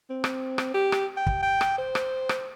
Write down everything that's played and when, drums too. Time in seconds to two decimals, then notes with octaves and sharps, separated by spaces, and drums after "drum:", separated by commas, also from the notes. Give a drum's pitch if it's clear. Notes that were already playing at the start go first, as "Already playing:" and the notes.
0.10 C4
0.24 drum: rim click
0.58 drum: rim click
0.74 G4
0.92 drum: rim click
1.17 G5
1.27 drum: kick
1.42 G5
1.61 drum: rim click
1.78 C5
1.95 drum: rim click
2.29 drum: rim click